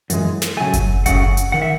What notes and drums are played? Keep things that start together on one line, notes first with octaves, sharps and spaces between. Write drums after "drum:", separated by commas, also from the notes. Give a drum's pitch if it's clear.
F#2 E3 G#3, drum: hi-hat
drum: snare
C#3 F#3 A3 G#5
drum: kick F#1, hi-hat
C#3 F#3 A3 F#5, drum: kick F#1, hi-hat
drum: hi-hat
D#3 F#5
E5